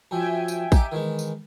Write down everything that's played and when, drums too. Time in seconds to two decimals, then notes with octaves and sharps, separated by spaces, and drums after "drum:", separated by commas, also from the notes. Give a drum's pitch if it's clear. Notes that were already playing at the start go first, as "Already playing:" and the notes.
0.11 F#2 F3 E5 G5 G#5
0.48 drum: tambourine
0.72 D#4 G4, drum: kick, tambourine
0.92 D#3 E3 G#3
1.19 drum: tambourine